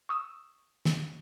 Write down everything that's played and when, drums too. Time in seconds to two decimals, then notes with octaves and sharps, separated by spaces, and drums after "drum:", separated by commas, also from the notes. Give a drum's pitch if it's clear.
0.09 C#6 D#6 E6 E7
0.85 drum: snare